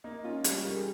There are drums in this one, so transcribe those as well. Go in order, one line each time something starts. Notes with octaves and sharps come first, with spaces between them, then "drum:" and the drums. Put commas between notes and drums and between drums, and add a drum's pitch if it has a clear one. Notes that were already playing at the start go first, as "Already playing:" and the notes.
A#3 D#4
C#4 F4
G3, drum: hi-hat
G4
G3 A#4
G#4